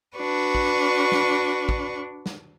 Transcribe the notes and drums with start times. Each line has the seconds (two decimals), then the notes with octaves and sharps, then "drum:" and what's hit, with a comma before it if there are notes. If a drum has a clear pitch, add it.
0.17 D4 F#4 B4 C#6
0.55 drum: kick
1.12 drum: snare
1.69 drum: kick
2.26 drum: snare